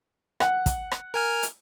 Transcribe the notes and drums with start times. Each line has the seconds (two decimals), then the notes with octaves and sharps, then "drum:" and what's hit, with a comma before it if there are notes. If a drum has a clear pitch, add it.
0.40 F#5, drum: rim click
0.66 drum: kick, hi-hat
0.91 drum: rim click
1.14 A#4 G#5 F6
1.43 drum: hi-hat